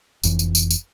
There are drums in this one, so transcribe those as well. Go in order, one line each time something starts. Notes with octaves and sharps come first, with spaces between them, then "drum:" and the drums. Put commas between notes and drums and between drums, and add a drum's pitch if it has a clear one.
F1 F2 E3, drum: tambourine
drum: tambourine
drum: tambourine
drum: tambourine